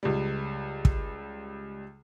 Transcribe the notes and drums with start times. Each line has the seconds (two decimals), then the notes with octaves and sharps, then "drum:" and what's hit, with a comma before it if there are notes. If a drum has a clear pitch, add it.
0.03 C#2 G3
0.85 drum: kick